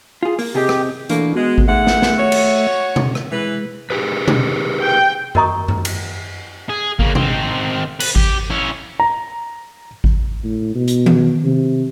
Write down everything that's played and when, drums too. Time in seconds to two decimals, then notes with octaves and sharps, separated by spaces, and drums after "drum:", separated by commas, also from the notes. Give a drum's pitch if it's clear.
0.23 F4 G#4
0.39 A#3, drum: open hi-hat
0.55 C3 G4 G#4 D#5
0.69 drum: rim click
1.09 B2 E3 A3 A#3 D4, drum: hi-hat
1.35 G#3 B3 F#4
1.58 drum: kick G#1
1.68 G#2 A3 E5 F#5
1.87 drum: snare
2.02 drum: snare
2.17 F#4 C#5
2.32 drum: cymbal
2.96 drum: tom B2
3.15 drum: rim click
3.32 E3 G#3 B4
3.90 G4 G#4 B4
4.28 drum: tom B2
4.81 G5
5.35 F#4 A#4 D#5 A#5 C#6 D#6, drum: tom F#2
5.68 drum: tom F#2
5.85 drum: cymbal
6.69 G#4
6.99 C#3 A#3, drum: kick G#1
7.15 D#3 C4, drum: tom B2
8.00 B4, drum: cymbal
8.16 G4, drum: kick G#1
8.51 C#4 E4
9.00 A#5
10.04 drum: kick G#1
10.44 A2
10.75 B2
10.88 drum: hi-hat
11.06 drum: tom D#3
11.44 C3